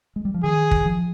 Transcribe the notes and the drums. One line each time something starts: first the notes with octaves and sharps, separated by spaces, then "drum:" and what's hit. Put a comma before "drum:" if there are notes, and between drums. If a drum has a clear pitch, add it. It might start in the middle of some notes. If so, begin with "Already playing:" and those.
G#3
G3
F3
D#3 G#4
drum: kick
F3